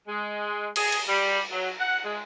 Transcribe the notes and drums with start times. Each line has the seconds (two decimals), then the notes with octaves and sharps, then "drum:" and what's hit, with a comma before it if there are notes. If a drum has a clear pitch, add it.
0.07 G#3
0.76 G#4, drum: cymbal
0.92 drum: cymbal
1.08 G3
1.51 F#3
1.80 F#5
2.04 G#3